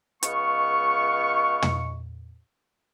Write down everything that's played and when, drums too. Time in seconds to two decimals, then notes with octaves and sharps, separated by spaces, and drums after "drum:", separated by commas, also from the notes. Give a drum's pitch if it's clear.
0.23 C#2 G#3 B3 F5 C#6, drum: hi-hat
1.62 drum: tom